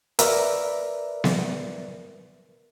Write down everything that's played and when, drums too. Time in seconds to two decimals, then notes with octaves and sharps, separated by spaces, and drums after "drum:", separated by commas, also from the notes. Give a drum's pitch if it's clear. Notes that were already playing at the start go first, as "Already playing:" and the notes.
0.19 A#4 B4 D5 E5, drum: hi-hat
1.24 drum: snare B3